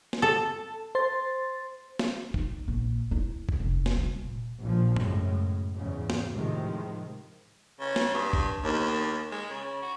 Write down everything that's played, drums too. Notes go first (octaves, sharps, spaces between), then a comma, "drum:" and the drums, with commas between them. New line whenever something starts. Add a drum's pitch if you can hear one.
drum: snare
A4
C5 C6 A6
drum: snare
D#4, drum: kick
A#1
E4
drum: kick
F1
drum: snare
G3
A#2
A#1 A2 F3
F#2 A2 C#3 G#3, drum: tom G#2
E2 G#2 C#3
drum: snare
A2 C3 D#3 F3 G#3
C#3
drum: snare
G2
drum: kick
D#2
G#3
C#3
F#4